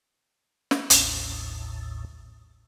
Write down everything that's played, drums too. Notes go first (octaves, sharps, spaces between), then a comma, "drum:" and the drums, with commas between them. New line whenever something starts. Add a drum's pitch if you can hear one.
drum: snare
A1 D#2 A2, drum: hi-hat